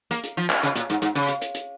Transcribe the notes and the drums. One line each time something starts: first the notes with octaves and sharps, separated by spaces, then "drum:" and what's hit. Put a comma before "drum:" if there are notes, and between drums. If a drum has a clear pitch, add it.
A#3, drum: hi-hat
drum: hi-hat
F3
drum: clap
C#3, drum: hi-hat
A#2, drum: hi-hat
G#2, drum: hi-hat
G#2, drum: hi-hat
C#3, drum: hi-hat
drum: hi-hat
drum: hi-hat
drum: hi-hat